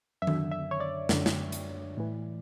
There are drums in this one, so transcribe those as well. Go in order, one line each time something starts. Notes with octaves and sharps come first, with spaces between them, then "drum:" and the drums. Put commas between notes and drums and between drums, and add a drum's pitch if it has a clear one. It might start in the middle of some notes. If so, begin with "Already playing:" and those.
F#2 E5
D3, drum: tom D#3
E5
C#5
D5
F#2 D3, drum: snare
drum: snare
drum: hi-hat
A2 E3